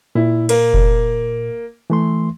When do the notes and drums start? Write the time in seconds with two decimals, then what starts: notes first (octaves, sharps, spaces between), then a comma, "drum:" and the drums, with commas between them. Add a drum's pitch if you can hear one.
0.15 A#2 E4
0.49 A#3, drum: cymbal
0.74 drum: kick F1
1.90 E3 A3 C6